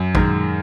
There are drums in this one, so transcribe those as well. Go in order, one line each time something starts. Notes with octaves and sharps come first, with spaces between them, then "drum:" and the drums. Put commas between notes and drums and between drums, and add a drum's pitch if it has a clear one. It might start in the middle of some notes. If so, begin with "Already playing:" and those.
Already playing: F#2
D#3 G#3 A#4, drum: kick